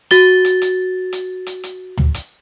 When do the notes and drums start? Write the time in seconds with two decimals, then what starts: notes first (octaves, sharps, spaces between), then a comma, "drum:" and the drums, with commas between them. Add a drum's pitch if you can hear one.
0.11 F#4 A6 G7, drum: hi-hat
0.45 drum: hi-hat
0.62 drum: hi-hat
1.13 drum: hi-hat
1.47 drum: hi-hat
1.64 drum: hi-hat
1.97 drum: tom
2.14 drum: hi-hat